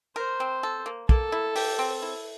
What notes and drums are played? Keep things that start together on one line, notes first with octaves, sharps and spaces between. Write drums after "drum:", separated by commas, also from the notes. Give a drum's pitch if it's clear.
A#4 C5
C4
A4
A#3
A#3 A4, drum: kick
E4
G4, drum: open hi-hat
C4
E4